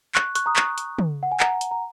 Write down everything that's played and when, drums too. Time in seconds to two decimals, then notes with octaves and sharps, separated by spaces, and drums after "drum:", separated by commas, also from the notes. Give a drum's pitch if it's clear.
0.15 C#6 F#6, drum: clap
0.35 C#6 F#6, drum: hi-hat
0.46 A#5 D#6
0.56 C#6 F#6, drum: clap
0.78 drum: hi-hat
0.99 drum: tom
1.23 F#5
1.32 G#5
1.40 F#5 A#5, drum: clap
1.61 drum: hi-hat
1.71 A#5